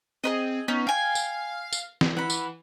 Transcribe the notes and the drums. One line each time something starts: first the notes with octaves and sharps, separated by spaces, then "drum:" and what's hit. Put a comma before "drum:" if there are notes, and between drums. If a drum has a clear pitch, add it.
C4 G#4 B4 D#5
B3 C#4 D#4
F5 G5 G#5
drum: tambourine
drum: tambourine
drum: snare
E3 F#5 B5
drum: tambourine